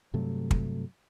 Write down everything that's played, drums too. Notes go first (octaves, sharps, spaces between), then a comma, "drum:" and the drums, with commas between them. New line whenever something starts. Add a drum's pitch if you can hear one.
G2 C3 F#3 A3
drum: kick